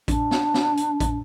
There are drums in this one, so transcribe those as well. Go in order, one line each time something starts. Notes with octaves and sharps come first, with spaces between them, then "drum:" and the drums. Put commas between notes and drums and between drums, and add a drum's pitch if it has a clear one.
D4, drum: kick A1, hi-hat
drum: snare
drum: snare
drum: hi-hat
drum: kick A1, hi-hat